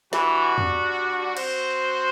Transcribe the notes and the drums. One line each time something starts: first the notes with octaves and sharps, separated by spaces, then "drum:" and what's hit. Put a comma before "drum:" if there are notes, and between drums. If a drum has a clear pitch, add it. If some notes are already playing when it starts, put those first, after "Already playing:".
E3 G3 D4 F#4, drum: snare
drum: tom E2
C4 F#4 C5, drum: cymbal